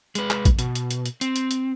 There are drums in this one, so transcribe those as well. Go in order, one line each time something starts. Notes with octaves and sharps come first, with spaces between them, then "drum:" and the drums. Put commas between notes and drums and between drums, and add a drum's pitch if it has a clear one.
G#3 B4, drum: hi-hat
drum: clap
drum: kick, hi-hat
B2, drum: hi-hat
drum: hi-hat
drum: hi-hat
drum: hi-hat
C4, drum: hi-hat
drum: hi-hat
drum: hi-hat